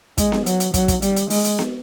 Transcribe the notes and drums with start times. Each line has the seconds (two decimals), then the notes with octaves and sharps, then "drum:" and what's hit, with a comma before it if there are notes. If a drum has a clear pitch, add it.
0.18 G#3, drum: kick, hi-hat
0.32 drum: snare B3
0.46 F#3, drum: hi-hat
0.60 drum: hi-hat
0.74 F#3, drum: kick, hi-hat
0.88 drum: kick, hi-hat
1.02 G3, drum: hi-hat
1.16 drum: hi-hat
1.30 G#3, drum: open hi-hat
1.45 drum: hi-hat
1.59 drum: snare B3